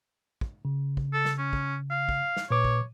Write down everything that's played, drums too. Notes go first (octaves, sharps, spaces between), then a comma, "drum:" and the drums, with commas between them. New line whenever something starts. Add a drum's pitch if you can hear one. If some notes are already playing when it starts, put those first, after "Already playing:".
drum: kick
C#3
drum: kick
A4
drum: snare
C#4
drum: kick
F5
drum: kick
drum: snare
A#2 B4 C#5 D6
drum: kick